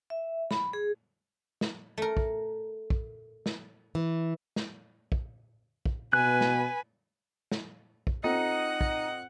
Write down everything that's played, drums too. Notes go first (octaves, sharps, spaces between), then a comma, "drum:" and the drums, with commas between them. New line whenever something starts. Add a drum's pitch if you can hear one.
E5
B5, drum: snare
G#4
drum: snare
A3 A#4
drum: kick
drum: kick
drum: snare
E3
drum: snare
drum: kick
drum: kick
B2 B4 G#5 F#6
drum: snare
drum: snare
drum: kick
C4 D#4 F4 A4 D#5 F#5
drum: kick